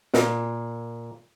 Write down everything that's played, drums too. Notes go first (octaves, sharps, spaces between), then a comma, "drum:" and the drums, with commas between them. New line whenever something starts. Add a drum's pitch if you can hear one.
A#2, drum: snare